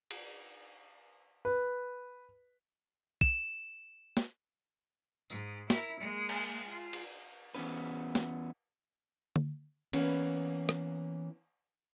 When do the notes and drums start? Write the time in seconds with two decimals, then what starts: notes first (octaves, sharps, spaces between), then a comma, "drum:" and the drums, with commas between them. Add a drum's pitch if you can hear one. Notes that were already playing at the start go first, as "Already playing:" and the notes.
0.11 drum: cymbal
1.45 B4
3.21 E7, drum: kick
4.17 drum: snare
5.30 G#2, drum: tambourine
5.70 E4 A#4, drum: snare
6.00 G#3 A#3
6.29 drum: cymbal
6.68 F4
6.93 drum: cymbal
7.55 E2 A#2 B3 C#4 B4
8.15 drum: snare
9.36 drum: tom D3
9.93 E3 A#3 B3 C#4, drum: cymbal
10.69 drum: rim click